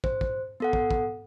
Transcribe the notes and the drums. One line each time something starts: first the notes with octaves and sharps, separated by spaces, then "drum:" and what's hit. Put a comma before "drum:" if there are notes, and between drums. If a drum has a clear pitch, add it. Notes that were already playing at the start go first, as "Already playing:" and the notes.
C5, drum: kick
drum: kick
B3 A4 F#5
drum: kick
drum: kick